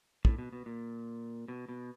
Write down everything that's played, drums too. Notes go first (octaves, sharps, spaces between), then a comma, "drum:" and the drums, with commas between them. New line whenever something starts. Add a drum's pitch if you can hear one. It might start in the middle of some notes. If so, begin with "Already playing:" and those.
A2, drum: kick
B2
B2
A#2
B2
B2